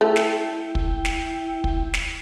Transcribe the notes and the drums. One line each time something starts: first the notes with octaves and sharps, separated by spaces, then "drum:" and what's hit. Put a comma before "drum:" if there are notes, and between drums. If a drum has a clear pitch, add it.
A3 E4 G5
drum: snare
drum: kick
drum: snare
drum: kick
drum: snare